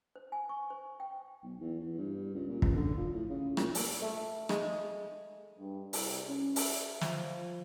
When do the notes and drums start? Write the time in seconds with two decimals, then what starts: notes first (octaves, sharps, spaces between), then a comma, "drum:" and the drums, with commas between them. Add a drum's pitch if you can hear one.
0.16 C5
0.32 G#5
0.49 C#6
0.70 C5
1.00 G5
1.43 B1
1.60 E2
1.80 E2
1.98 G2
2.34 C#2
2.49 A#2
2.62 C#2, drum: kick
2.76 D3
2.97 F3
3.13 A2
3.30 C#3
3.57 A#2, drum: rim click
3.75 drum: open hi-hat
4.02 A3
4.49 G#3, drum: rim click
5.58 G2
5.93 C2, drum: open hi-hat
6.26 C#4
6.56 E5, drum: open hi-hat
7.01 F3, drum: snare